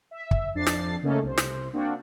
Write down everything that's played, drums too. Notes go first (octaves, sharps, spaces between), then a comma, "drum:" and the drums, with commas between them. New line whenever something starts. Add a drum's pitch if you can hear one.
E5
drum: kick
F2 D4 A6 C7
drum: snare
C#3 A3 A#3 C#4 D#4 A4
C2 C5
drum: snare
A#3 C4 D4 F#4